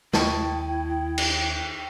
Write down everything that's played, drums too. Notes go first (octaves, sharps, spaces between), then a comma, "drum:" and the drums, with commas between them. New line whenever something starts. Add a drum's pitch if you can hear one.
D#2 E4 D#5 G5 A5 C#6, drum: snare
drum: cymbal